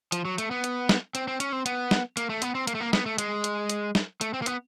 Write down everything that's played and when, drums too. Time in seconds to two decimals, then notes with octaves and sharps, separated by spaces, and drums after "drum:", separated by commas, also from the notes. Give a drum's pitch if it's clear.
0.12 F3, drum: hi-hat
0.25 F#3
0.38 A3, drum: hi-hat
0.51 B3
0.64 drum: hi-hat
0.89 drum: snare
1.15 C4, drum: hi-hat
1.28 C4
1.40 C#4, drum: hi-hat
1.52 C4
1.66 B3, drum: hi-hat
1.91 drum: snare
2.17 A#3, drum: hi-hat
2.30 A3
2.42 B3, drum: hi-hat
2.55 C4
2.67 A#3, drum: hi-hat
2.75 A3
2.80 A#3
2.93 B3, drum: snare
3.06 A3
3.18 G#3, drum: hi-hat
3.44 drum: hi-hat
3.70 drum: hi-hat
3.95 drum: snare
4.21 A3, drum: hi-hat
4.34 C4
4.42 A#3
4.46 B3, drum: hi-hat